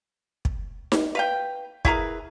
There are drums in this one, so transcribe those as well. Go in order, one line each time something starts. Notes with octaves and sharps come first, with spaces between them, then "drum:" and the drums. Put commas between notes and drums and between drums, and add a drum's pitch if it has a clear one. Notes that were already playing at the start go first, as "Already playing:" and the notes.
drum: kick
drum: snare D#4
B4 F5 G5
E4 G#4 A#4 B4, drum: kick